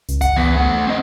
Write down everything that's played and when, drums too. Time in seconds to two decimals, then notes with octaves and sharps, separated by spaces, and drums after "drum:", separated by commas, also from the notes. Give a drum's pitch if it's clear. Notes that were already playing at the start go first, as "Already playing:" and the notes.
0.08 C#2, drum: hi-hat
0.21 F#5, drum: kick G1, hi-hat
0.37 E3 B3
0.56 A3 F#5
0.87 C4 D#5